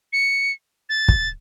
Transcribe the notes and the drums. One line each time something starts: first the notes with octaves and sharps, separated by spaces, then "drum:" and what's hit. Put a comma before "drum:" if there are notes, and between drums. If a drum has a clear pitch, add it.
C#7
A6
drum: kick